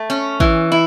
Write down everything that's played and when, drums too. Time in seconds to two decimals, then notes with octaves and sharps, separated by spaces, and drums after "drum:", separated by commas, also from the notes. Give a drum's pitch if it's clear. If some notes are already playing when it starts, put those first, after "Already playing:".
Already playing: A3
0.10 C#4
0.40 E3, drum: kick
0.72 E4